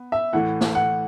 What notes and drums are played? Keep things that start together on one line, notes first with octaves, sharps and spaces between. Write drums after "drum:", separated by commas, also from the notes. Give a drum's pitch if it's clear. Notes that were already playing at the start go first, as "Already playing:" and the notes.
Already playing: B3
E5
A2 E3 A3 F#5
drum: snare
F#5